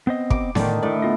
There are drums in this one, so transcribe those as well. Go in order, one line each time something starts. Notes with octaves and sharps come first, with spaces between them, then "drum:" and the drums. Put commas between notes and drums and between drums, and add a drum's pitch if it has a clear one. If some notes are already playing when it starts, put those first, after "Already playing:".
B3 C4 D#5
D6, drum: kick
A2 D3 D#3 D5, drum: snare B3
A2 A3 D5
B3 F4 D#5